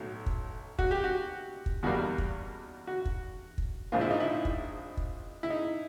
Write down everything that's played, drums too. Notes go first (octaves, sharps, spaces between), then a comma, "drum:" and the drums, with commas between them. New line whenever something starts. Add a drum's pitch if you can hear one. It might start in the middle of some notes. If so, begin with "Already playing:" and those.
Already playing: B1 A2 F#3
drum: kick
F#4, drum: kick
G4
F#4
drum: kick
E2 B2 G3 A#3 F#4
drum: kick
F#4
drum: kick
drum: kick
A#1 G#2 F3 A#3 F4
E4
D#4
E4
drum: kick
drum: kick
E4
D#4